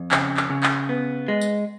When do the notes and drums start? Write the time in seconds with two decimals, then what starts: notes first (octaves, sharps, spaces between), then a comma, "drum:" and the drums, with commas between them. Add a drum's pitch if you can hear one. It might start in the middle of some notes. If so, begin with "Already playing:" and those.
Already playing: F2
0.11 C#3, drum: clap
0.37 drum: clap
0.50 C#3
0.63 drum: clap
0.89 B3
1.28 G#3
1.41 drum: tambourine